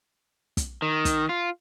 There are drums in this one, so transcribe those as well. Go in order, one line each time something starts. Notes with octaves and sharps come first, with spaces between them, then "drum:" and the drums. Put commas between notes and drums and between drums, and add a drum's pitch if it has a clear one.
drum: kick, hi-hat
D#3
drum: kick, hi-hat
F4